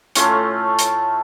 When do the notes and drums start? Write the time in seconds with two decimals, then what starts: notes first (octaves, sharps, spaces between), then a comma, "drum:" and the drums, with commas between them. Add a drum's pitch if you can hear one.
0.15 A2 A3 C#4 F4, drum: hi-hat
0.79 drum: hi-hat